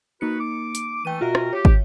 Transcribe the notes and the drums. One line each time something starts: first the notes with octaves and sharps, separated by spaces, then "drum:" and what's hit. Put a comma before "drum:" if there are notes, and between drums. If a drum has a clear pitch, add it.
A#3 D#4 F#4 B4 C#7
D6
drum: hi-hat
E3 A3 G5 D#7
B2 F4 F#4 A#4 E5
drum: rim click
G4 C#5
drum: kick